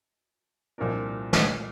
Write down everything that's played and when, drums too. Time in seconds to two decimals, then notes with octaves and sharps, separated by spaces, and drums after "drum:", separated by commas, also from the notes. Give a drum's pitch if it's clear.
0.78 C2 A#2 F3 D4 A#4
1.33 drum: snare